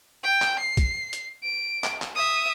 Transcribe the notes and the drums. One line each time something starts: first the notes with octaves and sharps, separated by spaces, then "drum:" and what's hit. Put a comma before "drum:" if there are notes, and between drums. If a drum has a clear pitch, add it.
G5
drum: clap
C7
drum: kick, hi-hat
drum: hi-hat
D7
drum: clap
drum: clap
E5 D#6